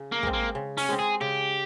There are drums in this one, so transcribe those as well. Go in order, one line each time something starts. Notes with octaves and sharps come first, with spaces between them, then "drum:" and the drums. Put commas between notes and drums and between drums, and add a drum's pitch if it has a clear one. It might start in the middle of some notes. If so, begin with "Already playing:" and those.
Already playing: C#3
A#3
G#3 C4, drum: kick
A#3
C#3
C#4, drum: open hi-hat
G#3 C4
G#4
C#3 G4